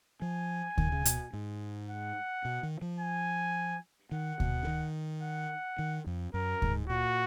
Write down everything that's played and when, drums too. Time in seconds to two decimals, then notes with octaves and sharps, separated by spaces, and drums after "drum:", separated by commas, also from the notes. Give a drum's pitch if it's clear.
0.22 F3 G#5
0.78 D#3, drum: kick D2
0.92 C#3
1.05 B2, drum: hi-hat
1.33 G#2
1.89 F#5
2.45 B2
2.63 D#3
2.82 F3
3.00 G#5
4.12 D#3 F#5
4.40 B2, drum: kick D2
4.63 C#3
4.67 D#3
5.23 F#5
5.79 D#3
6.07 F2
6.34 F#2 A#4
6.62 G#2, drum: kick D2
6.89 A#2 F#4